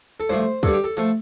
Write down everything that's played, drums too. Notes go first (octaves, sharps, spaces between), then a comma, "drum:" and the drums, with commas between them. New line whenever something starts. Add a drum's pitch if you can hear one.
A4
G2 F3 A3 C5, drum: hi-hat
G2 D3 G3 A4, drum: kick
G4
A4
F3 A3 A4, drum: hi-hat